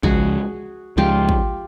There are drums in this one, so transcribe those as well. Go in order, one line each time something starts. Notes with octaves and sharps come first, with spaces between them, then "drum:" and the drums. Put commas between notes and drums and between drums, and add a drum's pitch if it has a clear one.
C#2 C#3 F3 G#3 F#4 G#4, drum: kick
C#2 C#3 F3 G#3 F4 G4
drum: kick